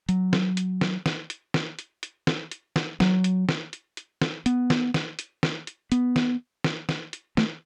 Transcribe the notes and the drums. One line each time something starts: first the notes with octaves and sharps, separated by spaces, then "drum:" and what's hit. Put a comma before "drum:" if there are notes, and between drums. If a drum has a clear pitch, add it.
F#3, drum: hi-hat
drum: snare
drum: hi-hat
drum: snare
drum: snare
drum: hi-hat
drum: snare
drum: hi-hat
drum: hi-hat
drum: snare
drum: hi-hat
drum: snare
F#3, drum: snare
drum: hi-hat
drum: snare
drum: hi-hat
drum: hi-hat
drum: snare
B3, drum: hi-hat
drum: snare
drum: snare
drum: hi-hat
drum: snare
drum: hi-hat
B3, drum: hi-hat
drum: snare
drum: snare
drum: snare
drum: hi-hat
A3, drum: snare